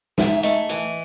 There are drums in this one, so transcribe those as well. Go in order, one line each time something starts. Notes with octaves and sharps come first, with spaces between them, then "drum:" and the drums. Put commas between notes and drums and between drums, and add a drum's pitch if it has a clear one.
G#2 E5, drum: snare
E5
A3 D#5, drum: hi-hat
E3, drum: hi-hat